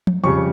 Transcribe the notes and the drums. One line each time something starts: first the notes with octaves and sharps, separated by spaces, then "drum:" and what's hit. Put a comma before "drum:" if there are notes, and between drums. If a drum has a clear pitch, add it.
drum: tom
F2 C#3 G3 C#6